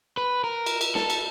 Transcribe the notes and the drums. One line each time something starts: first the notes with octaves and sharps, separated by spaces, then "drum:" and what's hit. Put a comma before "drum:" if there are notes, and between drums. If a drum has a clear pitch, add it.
B4
A#4
drum: cymbal
drum: cymbal
A4, drum: snare
drum: cymbal